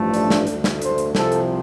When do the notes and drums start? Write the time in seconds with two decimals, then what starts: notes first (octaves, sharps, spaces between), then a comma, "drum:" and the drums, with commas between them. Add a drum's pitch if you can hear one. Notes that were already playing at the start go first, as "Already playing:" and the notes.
Already playing: A1 G2 F3 A3
0.14 D4, drum: hi-hat
0.30 drum: snare
0.47 D2 D3 A3, drum: hi-hat
0.64 drum: snare
0.82 C5, drum: hi-hat
0.98 drum: hi-hat
1.15 C2 C3 F3 A4, drum: snare
1.32 drum: hi-hat